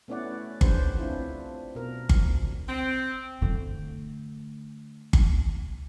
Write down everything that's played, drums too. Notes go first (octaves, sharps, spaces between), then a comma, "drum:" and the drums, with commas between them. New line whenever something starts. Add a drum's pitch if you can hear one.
A3 B3 C#4 E4 D5 F#5
C#4 D4 G4 B4 C5, drum: kick G1
C4 D4 E4 F4
B2 A#4
drum: kick G1
C4
D3 A3
drum: kick G1